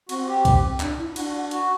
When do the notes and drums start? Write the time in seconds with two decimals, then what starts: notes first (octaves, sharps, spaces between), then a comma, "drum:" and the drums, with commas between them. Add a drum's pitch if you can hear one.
0.09 C4 F#4, drum: cymbal
0.27 G4
0.45 drum: kick B1, cymbal
0.80 D4, drum: clap
0.98 E4
1.16 D4 F#4, drum: cymbal
1.28 F#4
1.51 F#4, drum: cymbal